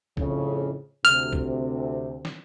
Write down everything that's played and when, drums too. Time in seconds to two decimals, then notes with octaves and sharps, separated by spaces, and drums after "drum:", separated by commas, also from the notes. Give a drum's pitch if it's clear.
0.17 F2 A2 C#3, drum: kick C2
1.05 D2 C3 F6
1.33 drum: kick C2
2.25 drum: snare